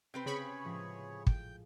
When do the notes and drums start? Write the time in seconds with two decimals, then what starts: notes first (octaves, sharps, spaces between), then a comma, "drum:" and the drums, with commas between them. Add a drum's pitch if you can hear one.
0.14 C3 C4 B4 G6
0.26 C#3 G#4 C#5 B5 C#6
0.64 A2 F3 G#3
1.27 G5, drum: kick